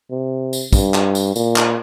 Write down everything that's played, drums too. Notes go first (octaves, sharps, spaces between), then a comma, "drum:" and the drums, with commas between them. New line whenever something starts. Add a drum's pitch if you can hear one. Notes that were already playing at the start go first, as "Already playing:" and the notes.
C3
drum: tambourine
G2, drum: kick, tambourine
drum: clap
drum: tambourine
A#2, drum: tambourine
drum: clap